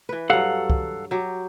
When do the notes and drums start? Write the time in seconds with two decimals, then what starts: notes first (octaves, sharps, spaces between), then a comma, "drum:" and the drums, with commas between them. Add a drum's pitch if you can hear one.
0.09 E3 B4
0.30 G2 F#3 A4 F5 F#5
0.70 drum: kick
1.11 F#3 G4